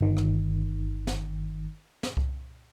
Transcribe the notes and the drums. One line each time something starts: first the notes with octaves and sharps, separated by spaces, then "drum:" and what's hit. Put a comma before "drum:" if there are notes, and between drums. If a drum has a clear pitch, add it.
G1 D#3
drum: rim click
drum: snare
drum: snare
drum: kick C2